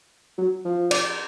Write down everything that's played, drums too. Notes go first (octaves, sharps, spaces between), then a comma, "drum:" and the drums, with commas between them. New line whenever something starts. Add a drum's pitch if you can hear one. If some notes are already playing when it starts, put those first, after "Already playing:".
F#3
F3
D5, drum: cymbal